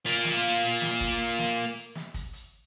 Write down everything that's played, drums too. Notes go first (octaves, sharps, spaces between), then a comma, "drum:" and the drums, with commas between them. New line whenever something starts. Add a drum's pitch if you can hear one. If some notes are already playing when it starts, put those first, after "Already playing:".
A#3 F4, drum: hi-hat
drum: snare
drum: hi-hat
drum: hi-hat
drum: snare
drum: kick, hi-hat
drum: hi-hat
drum: snare
drum: hi-hat
drum: hi-hat
drum: snare
drum: kick, hi-hat
drum: hi-hat